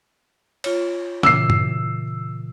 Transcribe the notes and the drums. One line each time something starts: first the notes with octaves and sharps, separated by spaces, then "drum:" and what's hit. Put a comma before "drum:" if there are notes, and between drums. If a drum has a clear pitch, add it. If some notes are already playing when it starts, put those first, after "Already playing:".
F4 C#5, drum: cymbal
A#2 C#3 E3 E6 C7, drum: snare
drum: tom